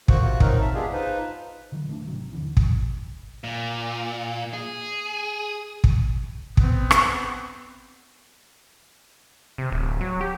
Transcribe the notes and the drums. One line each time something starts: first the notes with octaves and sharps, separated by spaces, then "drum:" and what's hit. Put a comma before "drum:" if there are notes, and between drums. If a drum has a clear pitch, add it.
D3 A#3 F#4 C5 C#6 F#6, drum: kick
C3 F4 F#4 F#6
F#3 C4 D#4 A#4, drum: kick
E5 A5
G#3 B3 D4 F4 G4 G#4
D#4 F4 B4 C5
B2 D3 E3 F#3
D#3 A3 C#4 D4
G#1 C3 F#3
D#2 D3 E3
A1 F2, drum: kick
A#2
G#4
drum: kick
B3 C4, drum: kick
drum: rim click
C3
D1
F#3
G4